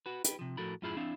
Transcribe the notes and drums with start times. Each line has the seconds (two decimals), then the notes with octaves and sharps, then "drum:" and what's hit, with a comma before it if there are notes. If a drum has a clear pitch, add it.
0.06 F#4 B4
0.24 G4 B4, drum: hi-hat
0.39 C3 F3
0.57 A2 F3 F#4 A4 A#4 B5
0.82 F#2 A2 E4 F4 G#4 B5
0.96 F2 C4 D4 E4 F5